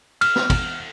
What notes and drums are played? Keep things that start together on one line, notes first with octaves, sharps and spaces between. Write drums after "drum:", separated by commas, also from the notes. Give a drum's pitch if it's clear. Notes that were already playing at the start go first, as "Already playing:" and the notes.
F6, drum: cymbal
drum: snare
drum: kick, cymbal